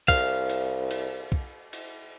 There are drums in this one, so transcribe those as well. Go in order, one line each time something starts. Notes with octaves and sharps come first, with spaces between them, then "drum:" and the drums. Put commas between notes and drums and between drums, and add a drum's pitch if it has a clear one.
C2 F5, drum: kick, cymbal
drum: cymbal
drum: cymbal
drum: kick
drum: cymbal